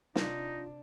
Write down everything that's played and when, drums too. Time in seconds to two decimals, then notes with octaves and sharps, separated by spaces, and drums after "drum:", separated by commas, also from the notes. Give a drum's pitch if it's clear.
0.16 C3 D4 D#4 F4, drum: snare